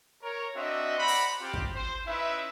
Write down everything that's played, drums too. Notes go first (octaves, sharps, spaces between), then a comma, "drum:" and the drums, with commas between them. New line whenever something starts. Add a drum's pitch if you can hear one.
A#4 C#5
C4 D4 F#4 C5 D#5 E5
C5 D5 F#5 A#5 B5
drum: open hi-hat
C4 F4 G4
drum: kick
C5
C#4 D#4 E4 B4 E5